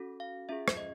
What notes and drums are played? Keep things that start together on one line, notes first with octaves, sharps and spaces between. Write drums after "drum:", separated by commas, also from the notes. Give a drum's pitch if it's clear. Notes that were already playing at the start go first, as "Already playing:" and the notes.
Already playing: C#4 F#4 A4
F5
C#4 F4 G#4 E5
drum: rim click
D#5